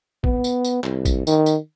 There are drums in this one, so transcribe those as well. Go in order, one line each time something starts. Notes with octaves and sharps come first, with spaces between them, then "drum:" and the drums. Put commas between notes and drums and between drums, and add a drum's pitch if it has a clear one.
B3, drum: kick
drum: tambourine
drum: tambourine
C2, drum: clap
drum: kick, tambourine
D#3, drum: tambourine
drum: tambourine